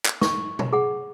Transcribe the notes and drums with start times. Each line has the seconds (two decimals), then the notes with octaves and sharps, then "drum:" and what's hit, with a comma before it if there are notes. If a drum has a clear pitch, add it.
0.06 drum: clap
0.21 C#6, drum: snare
0.59 drum: tom B2
0.73 G#4 F#5